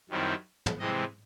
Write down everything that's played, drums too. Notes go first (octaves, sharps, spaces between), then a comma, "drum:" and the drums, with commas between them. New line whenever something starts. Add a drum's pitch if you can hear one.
F#2 D#3 G3 C4 E4
drum: tom
C3 E3 G#3 C4 D#5